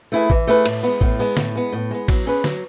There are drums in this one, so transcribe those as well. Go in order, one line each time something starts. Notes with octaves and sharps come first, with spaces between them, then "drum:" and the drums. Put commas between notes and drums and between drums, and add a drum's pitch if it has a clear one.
A3 E4 G#4 B4
E3, drum: kick A1
A3 E4 G#4 B4
A2, drum: cymbal
G#3 B3
A2, drum: kick A1
G#3 B3
A2, drum: snare
G#3 B3
A2
G#3 B3
F#3, drum: kick A1, cymbal
C#4 G#4 B4
F#3, drum: snare